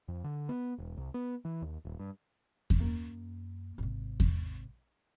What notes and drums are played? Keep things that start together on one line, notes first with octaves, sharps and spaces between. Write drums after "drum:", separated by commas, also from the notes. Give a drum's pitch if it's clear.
F2
D3
B3
E1
C2
B3
E3
D#2
D#1
G2
drum: kick E2
F#2 A#3
G#1 C3
drum: kick E2